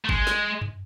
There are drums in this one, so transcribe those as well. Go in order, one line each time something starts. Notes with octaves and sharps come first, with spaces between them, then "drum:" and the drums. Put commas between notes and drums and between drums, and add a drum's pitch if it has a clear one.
A3
G#3, drum: kick G#1
drum: snare
drum: tom F#2